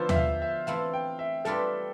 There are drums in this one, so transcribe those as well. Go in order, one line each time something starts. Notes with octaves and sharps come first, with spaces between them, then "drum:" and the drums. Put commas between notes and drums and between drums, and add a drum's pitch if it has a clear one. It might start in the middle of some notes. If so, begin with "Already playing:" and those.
Already playing: D3 F3 B3 E4 F4 C5
E5, drum: tom D#2
F5
E5
E3 A3 C4 E4 F5
G5
E5
G3 D4 F4 A4 B4